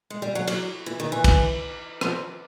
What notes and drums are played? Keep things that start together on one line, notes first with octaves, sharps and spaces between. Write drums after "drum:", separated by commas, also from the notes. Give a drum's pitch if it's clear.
G#3
G3
F#3
F#3, drum: cymbal
E3
D#3
E3
drum: kick, cymbal
F3, drum: rim click